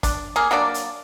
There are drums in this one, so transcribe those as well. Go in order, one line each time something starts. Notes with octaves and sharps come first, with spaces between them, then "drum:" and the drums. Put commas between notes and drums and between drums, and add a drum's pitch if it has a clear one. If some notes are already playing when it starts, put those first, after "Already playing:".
D4, drum: kick, hi-hat
A#3 G#4
F#3 A#3 D4 D5
drum: hi-hat